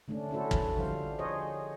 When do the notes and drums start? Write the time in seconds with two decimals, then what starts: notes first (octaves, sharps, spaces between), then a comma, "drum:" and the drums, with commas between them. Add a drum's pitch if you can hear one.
0.08 D3 A3 C#4 D4
0.31 C#4 D4 E4 F#4 A4 C5
0.51 drum: kick
0.78 D3 F3 G3 C5 F5
1.19 G#4 C5 C#5 D#5